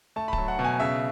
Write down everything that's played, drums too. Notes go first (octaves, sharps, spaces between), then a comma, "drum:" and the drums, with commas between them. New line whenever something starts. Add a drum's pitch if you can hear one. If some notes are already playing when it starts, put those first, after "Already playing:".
A3 A5
B5
A5, drum: kick D1
F#3
F#5
B2
G#5
C#3 E5